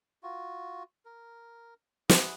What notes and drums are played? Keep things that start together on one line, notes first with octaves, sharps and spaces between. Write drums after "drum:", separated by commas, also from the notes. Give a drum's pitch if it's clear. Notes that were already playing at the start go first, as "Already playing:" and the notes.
F4 F#4
A#4
E4 G#4 F#5, drum: snare